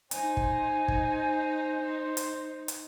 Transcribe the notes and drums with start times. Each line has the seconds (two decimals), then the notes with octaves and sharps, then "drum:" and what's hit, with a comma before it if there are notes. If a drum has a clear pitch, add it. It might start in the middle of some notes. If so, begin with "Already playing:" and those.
0.11 D#4 C5 G#5, drum: hi-hat
0.37 drum: kick
0.88 drum: kick
2.17 drum: hi-hat
2.68 drum: hi-hat